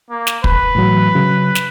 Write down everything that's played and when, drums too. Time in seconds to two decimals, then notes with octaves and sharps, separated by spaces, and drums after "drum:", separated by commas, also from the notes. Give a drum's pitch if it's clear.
0.10 A#3
0.27 drum: snare
0.44 B4 B5, drum: kick
0.75 A2 E3 F#3
1.15 C#3 F#3
1.55 drum: snare